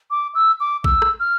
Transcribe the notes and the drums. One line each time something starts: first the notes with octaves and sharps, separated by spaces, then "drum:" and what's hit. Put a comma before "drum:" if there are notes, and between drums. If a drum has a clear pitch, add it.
D6
E6
D6
E6, drum: kick A#1
drum: rim click
F6